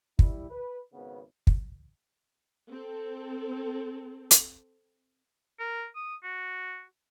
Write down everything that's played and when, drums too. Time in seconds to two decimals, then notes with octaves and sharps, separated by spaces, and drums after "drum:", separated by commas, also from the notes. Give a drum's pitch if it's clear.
0.19 G3 E4, drum: kick
0.50 B4
0.93 G#1 C#3 B3
1.47 drum: kick
2.71 C4 A4
4.31 drum: hi-hat
5.60 A#4
5.96 D#6
6.24 F#4